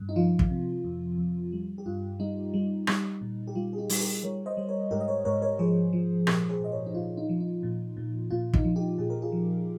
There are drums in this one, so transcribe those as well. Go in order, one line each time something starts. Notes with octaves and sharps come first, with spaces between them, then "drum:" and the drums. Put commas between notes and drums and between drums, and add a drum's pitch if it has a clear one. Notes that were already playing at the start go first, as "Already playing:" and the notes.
Already playing: G2
D#4
F3 F4
drum: kick
C3
F2
F2
G3
G4
G2 F4
G3 D#4
G3
G3, drum: rim click
A#2
G4
G3 F4
G#4
D#4 G4
G3, drum: open hi-hat
G4 A#4
G3 A#4 C#5
C5 D#5
G3 C5
A#4 C#5
G#2 G4 A#4
D#5
A#4 C#5
G#2 A#4 C#5
A#4 C#5
F3 G#4 C5
F3
A#2 G4 A#4, drum: rim click
G#4 C5
A#2 D#5
A#4 C#5
D#4
A#2 F4
D#4
F3
D#4
A#2
A#2
A#2 F4
D#4, drum: kick
F3
D#4 G4
A#2 G#4
A#4
F4 G#4
F3